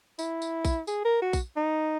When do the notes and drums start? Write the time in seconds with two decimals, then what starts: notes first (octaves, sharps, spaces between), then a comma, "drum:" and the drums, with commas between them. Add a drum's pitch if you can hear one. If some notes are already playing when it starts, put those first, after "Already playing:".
0.19 E4, drum: tambourine
0.42 drum: tambourine
0.65 drum: kick A#1, tambourine
0.87 G#4, drum: tambourine
1.05 A#4
1.22 F#4
1.33 drum: kick A#1, tambourine
1.56 D#4